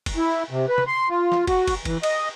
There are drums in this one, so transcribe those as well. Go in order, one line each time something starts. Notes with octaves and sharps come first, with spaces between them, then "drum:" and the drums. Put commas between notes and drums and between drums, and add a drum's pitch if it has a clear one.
drum: kick, cymbal
E4
C3
B4
drum: tom
C6
F4
drum: snare
F#4, drum: kick, cymbal
drum: kick, cymbal
E3, drum: kick, cymbal
D#5, drum: cymbal